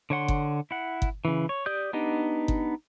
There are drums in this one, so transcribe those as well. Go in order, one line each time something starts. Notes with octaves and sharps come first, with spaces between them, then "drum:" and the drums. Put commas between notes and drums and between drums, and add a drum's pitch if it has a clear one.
D3 C#5 F#5 C6
drum: kick G1
E4 F#5
drum: kick G1
C#3 E3
C#5
G4 D5 D#6 G6
B3 D4 D#4 G4 D#5
drum: kick G1